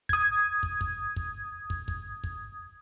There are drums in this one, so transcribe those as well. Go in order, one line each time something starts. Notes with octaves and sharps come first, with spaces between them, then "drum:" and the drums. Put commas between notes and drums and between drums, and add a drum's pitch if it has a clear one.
D#6 G#6, drum: kick
drum: kick
drum: kick
drum: kick
drum: kick
drum: kick
drum: kick